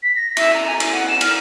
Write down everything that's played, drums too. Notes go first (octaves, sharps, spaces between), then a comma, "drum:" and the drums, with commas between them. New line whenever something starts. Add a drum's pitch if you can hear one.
B6
A#6
E5, drum: cymbal
A#5
G#5
drum: cymbal
F#5
E7
F6, drum: cymbal